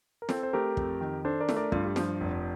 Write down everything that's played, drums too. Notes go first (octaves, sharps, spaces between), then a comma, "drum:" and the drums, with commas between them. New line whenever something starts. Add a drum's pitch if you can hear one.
A#4
C4 A4 C5, drum: snare
C5
A3 G4 A#4
F2, drum: kick
D#3
D4 A4 C5
A#4 D5
A3, drum: snare
A#4 D5
G2 F4, drum: kick
G4
F3 D4 F4, drum: snare
F1